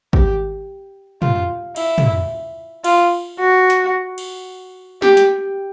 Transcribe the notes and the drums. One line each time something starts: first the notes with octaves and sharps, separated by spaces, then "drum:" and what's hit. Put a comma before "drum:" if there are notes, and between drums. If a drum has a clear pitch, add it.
G4, drum: kick G#1
F4, drum: tom
E4, drum: cymbal
drum: tom
F4, drum: cymbal
F#4
drum: hi-hat
drum: cymbal
G4, drum: snare
drum: hi-hat